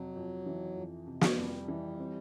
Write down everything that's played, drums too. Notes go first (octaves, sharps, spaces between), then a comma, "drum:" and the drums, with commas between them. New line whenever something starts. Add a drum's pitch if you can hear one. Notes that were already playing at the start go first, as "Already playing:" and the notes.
Already playing: F2 C3 F#3
F2
E3
F2
C3
drum: snare
F2 G3
E3
C4